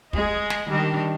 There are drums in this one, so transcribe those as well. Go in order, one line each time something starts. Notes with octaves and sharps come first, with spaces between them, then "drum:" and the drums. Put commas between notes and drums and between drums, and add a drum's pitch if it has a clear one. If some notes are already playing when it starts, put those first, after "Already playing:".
G#3 G#4 D#5, drum: kick
drum: snare
D#3 G3 D4